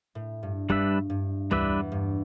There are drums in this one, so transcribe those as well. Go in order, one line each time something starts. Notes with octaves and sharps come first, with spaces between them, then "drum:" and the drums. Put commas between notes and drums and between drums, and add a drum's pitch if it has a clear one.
A2
G2
G2 G3 D4 B4 E5, drum: kick
G2
E2 G3 D4 B4 E5, drum: tom C#2
G2